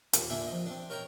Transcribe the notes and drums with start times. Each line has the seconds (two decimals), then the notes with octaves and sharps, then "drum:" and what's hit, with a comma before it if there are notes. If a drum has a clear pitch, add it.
0.13 D#2 A#2, drum: hi-hat
0.30 A#2 D3 A#3 D4 E5 G#5
0.47 F2 D#5
0.66 C4 D4
0.90 A#4 C#5 D#5 G5 A#5